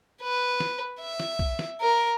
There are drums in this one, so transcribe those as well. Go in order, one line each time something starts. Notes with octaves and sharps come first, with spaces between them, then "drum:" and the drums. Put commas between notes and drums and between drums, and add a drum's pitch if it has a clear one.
B4
drum: snare
E5
drum: snare
drum: kick B1
drum: snare
A#4